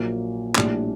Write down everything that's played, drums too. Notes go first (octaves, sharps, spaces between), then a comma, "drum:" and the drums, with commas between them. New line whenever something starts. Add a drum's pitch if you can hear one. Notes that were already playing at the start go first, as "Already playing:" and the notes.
Already playing: A#1 A#2 F#3 A#3
A#1 A2 G3 D4, drum: clap